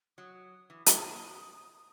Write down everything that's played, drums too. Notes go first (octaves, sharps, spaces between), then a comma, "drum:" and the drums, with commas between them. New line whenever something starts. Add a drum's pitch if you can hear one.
F#3 D#6
E3
E3, drum: hi-hat